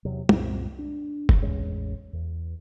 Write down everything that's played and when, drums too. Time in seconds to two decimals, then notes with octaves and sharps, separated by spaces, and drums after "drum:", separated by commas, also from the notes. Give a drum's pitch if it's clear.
0.05 E2 C3 F#3
0.29 C2 F#2 A#2 C4, drum: tom
0.79 D4
1.29 B1 C#3, drum: kick
1.42 A1 E2 G#3 C#4
2.13 E2